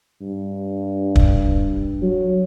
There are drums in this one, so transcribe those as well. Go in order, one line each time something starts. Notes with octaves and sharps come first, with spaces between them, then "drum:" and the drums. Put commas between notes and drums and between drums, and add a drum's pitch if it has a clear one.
G2
drum: kick
F#3